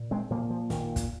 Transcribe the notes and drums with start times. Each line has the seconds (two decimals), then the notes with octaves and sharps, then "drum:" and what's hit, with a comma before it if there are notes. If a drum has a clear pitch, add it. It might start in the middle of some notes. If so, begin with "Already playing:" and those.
Already playing: A#2
0.11 G#3 C4
0.30 A#2 F3 A#3
0.50 F3
0.70 A#2 D#3, drum: snare
0.96 drum: kick, hi-hat